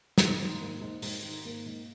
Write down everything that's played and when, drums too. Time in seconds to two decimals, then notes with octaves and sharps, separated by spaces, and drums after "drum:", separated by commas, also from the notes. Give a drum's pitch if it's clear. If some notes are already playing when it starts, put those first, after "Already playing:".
0.18 G#2, drum: snare
0.39 D#3
0.60 A#3
0.81 G#2
1.02 G#2, drum: open hi-hat
1.23 D#3
1.45 A#3
1.66 G#2